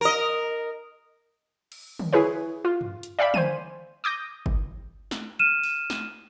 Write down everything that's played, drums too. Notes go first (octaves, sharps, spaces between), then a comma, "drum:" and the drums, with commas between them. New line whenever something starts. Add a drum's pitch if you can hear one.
A#4 D#5
drum: cymbal
drum: tom
E4 G#4 B4 C#5
F4
drum: tom F#2
drum: hi-hat
D5 E5 F5 G5 B5
C5 G#5 D#7, drum: tom D3
D6 D#6 G6 A#6
drum: kick G1
drum: snare
F6 D#7 E7
drum: open hi-hat
drum: snare